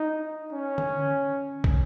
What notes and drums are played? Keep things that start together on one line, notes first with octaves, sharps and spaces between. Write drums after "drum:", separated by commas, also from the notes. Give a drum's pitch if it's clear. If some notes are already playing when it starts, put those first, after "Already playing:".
Already playing: D#4
C#4
drum: tom D3
drum: kick